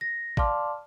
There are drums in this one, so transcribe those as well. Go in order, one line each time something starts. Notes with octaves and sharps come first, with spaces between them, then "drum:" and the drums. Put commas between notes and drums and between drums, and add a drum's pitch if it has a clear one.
A#6
D5 F5 A5 C6 D6 F6, drum: kick G#1